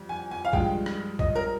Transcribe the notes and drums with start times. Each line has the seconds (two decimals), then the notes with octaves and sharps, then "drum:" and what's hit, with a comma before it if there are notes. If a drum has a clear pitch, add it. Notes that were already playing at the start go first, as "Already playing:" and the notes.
Already playing: F2 G3
0.09 G#5
0.31 G#5
0.45 F5
0.53 G2 F3 G#3 G5, drum: kick
0.86 drum: rim click
1.19 D#5, drum: kick
1.35 A#4